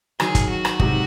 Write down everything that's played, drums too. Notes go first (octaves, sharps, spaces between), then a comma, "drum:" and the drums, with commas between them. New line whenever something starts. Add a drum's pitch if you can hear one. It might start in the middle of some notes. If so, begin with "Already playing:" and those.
D#3 F#3 G#4, drum: rim click
drum: kick G1, hi-hat
F#4
drum: rim click
G#2 C3, drum: kick G1